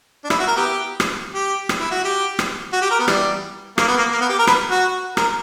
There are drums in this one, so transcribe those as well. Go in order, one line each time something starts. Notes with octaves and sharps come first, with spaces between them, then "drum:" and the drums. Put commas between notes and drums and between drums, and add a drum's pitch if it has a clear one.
D4
E4, drum: rim click
F#4
A#4
B3 E4 G4
drum: rim click
G4
drum: rim click
E4
F#4
G4
drum: rim click
F#4
G4
A#4
B3
E3 G3, drum: rim click
A#3, drum: rim click
B3
A#3
A#3
B3
G4
A#4
B4, drum: rim click
F#4
A#4, drum: rim click